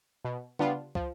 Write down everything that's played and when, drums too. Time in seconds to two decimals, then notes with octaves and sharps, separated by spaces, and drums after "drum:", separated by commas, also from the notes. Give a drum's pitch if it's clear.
0.25 B2
0.59 G3 B3 D4 F4, drum: tom C#3
0.95 F3, drum: kick